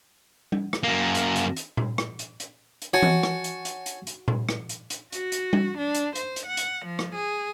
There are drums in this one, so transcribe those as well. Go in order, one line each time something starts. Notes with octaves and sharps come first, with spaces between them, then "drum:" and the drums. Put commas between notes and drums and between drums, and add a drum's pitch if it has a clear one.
drum: tom G3
drum: rim click
F#2 A#3
drum: hi-hat
drum: hi-hat
drum: hi-hat
drum: tom A#2
drum: rim click
drum: hi-hat
drum: hi-hat
drum: hi-hat
F#4 C#5 G#5 A5
drum: tom E3
drum: rim click
drum: hi-hat
drum: hi-hat
drum: hi-hat
drum: hi-hat
drum: tom A#2
drum: rim click
drum: hi-hat
drum: hi-hat
F#4, drum: hi-hat
drum: hi-hat
drum: tom G3
D4
drum: hi-hat
C5, drum: hi-hat
drum: hi-hat
F#5
drum: hi-hat
F3
drum: rim click
G#4